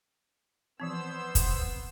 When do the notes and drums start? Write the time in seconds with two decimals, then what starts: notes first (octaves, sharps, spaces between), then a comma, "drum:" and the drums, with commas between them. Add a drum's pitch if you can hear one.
0.80 E3 F3 B3 C4 C5 E6
1.35 drum: kick, hi-hat